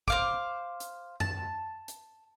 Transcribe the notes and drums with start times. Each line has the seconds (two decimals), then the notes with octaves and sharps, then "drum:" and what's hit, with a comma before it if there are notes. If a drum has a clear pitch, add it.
0.08 C5 F5 D6, drum: kick
0.80 drum: hi-hat
1.20 A5, drum: tom F#2
1.88 drum: hi-hat